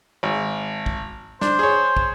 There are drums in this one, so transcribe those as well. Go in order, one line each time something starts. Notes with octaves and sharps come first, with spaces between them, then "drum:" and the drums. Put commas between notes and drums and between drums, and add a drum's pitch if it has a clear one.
G#1
drum: kick
D4 C5, drum: snare
G#4 C#5
drum: kick